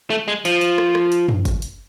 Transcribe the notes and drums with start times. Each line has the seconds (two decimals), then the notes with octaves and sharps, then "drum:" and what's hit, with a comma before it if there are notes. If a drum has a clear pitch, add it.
0.10 A3
0.28 G#3
0.45 F3, drum: hi-hat
0.61 drum: hi-hat
0.78 drum: rim click
0.95 drum: rim click
1.12 drum: hi-hat
1.29 drum: tom F#2
1.45 drum: kick, hi-hat
1.62 drum: hi-hat